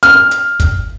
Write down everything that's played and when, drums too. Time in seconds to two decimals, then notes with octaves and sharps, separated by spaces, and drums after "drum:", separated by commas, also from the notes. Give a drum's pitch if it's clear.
0.03 F6, drum: hi-hat
0.31 drum: hi-hat
0.60 drum: kick, hi-hat